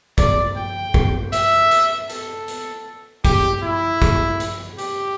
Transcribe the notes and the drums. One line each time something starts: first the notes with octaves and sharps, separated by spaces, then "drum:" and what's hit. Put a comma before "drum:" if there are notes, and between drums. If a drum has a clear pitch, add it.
D5, drum: kick, hi-hat
G5
drum: kick
E5, drum: hi-hat
drum: hi-hat
A4, drum: hi-hat
drum: hi-hat
G4, drum: kick, hi-hat
E4
drum: kick, hi-hat
drum: hi-hat
G4, drum: hi-hat